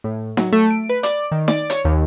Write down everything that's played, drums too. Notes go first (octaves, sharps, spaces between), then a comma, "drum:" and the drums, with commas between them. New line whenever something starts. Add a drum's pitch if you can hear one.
A2
F#3, drum: snare D#4
A3
D7
B4
D5, drum: hi-hat
D#3
D5, drum: snare D#4
C#5, drum: hi-hat
D#2